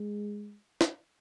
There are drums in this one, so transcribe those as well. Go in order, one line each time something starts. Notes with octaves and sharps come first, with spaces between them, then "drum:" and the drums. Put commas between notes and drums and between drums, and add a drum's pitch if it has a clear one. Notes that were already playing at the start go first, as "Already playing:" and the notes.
Already playing: G#3
drum: snare